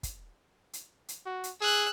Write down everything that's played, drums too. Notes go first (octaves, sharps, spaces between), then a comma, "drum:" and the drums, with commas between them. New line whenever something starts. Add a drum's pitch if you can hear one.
drum: kick, hi-hat
drum: hi-hat
drum: hi-hat
F#4
drum: hi-hat
G#4 E6 F#6